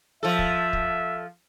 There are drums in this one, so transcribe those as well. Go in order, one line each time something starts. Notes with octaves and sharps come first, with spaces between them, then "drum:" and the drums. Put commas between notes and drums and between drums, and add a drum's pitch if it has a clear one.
F3 A4 E5
drum: kick
drum: kick